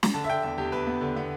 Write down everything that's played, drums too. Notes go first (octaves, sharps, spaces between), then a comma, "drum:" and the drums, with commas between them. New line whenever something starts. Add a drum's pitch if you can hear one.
drum: snare
D3 A5
E5
D3 G5
E2 E5
E2 G4
E2 B4
B3
D3
B3